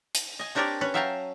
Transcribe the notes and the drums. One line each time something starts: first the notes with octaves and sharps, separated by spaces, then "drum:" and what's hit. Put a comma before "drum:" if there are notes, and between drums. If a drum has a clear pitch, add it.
drum: hi-hat
D#5 G#5
C4 D4 G4 A#4 C#5 D5
C#4 B4 C#5
F#3 E5 F5 G5 A5 A#5